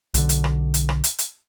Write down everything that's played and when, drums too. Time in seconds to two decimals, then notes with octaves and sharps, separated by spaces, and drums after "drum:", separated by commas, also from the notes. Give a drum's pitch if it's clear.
0.14 B1 D3, drum: hi-hat
0.29 drum: hi-hat
0.44 drum: rim click
0.74 drum: hi-hat
0.89 drum: rim click
1.04 drum: hi-hat
1.19 drum: hi-hat